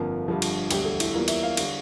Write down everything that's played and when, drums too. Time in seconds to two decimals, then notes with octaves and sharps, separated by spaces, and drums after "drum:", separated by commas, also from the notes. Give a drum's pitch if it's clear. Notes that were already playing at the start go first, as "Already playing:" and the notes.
Already playing: G1 F2 D3 F3 A#3
0.28 G1 G2 D3 F3
0.42 drum: cymbal
0.71 E1 D2 D3 G3 G4, drum: cymbal
0.85 A4
1.00 E4, drum: cymbal
1.14 E2 E3 G3 A#3 F4
1.28 E5, drum: cymbal
1.43 F5
1.57 D3 G3, drum: cymbal